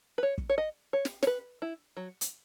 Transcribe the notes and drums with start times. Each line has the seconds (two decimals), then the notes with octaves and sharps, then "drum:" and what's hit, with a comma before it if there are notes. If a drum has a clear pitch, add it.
0.18 B4
0.23 C#5
0.38 drum: kick
0.50 C#5
0.58 D#5
0.93 C#5
1.05 drum: snare
1.23 C#5, drum: snare
1.27 B4
1.62 E4
1.97 F#3
2.21 drum: hi-hat